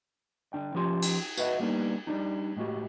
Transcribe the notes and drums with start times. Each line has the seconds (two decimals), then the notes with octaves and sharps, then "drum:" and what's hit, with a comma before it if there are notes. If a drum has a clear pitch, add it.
0.53 D3 D4 G5
0.75 F3 C#4 F4 G4 C6
1.02 drum: cymbal
1.37 F#4 B4 D#5 E5 F#5, drum: tambourine
1.59 G3 A#3 B3 D4 D#4
2.07 G3 D4 D#4
2.57 A2 G#3 F#4 G4